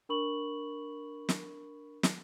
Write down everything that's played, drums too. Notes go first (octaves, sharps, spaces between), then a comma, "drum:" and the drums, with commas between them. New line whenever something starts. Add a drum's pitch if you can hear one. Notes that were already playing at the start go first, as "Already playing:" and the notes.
D4 A#4 B5 C#6 F#7
drum: snare
drum: snare